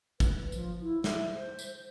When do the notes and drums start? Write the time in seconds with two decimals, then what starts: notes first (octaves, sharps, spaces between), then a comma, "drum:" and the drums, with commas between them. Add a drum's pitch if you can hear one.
0.20 B4, drum: kick, tambourine
0.52 F3, drum: tambourine
0.82 E4
1.04 E5, drum: snare
1.36 C5
1.59 drum: tambourine